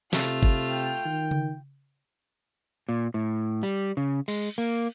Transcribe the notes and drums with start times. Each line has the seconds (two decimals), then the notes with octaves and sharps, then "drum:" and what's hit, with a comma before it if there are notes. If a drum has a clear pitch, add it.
0.13 C3 A3 F4 F6, drum: snare
0.43 drum: kick G1
0.67 G5
1.05 D#3
1.31 drum: tom C#3
2.89 A#2
3.14 A2
3.63 G3
3.97 C#3
4.28 G#3, drum: cymbal
4.58 A#3